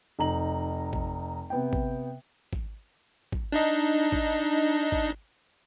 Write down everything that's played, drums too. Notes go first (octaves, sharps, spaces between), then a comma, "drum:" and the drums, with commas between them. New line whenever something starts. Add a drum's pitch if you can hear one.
F1 D#4 A#5 F#7
drum: kick
C3 B3 G5
drum: kick
drum: kick
drum: kick
D4 D#4 D#5
drum: kick
drum: kick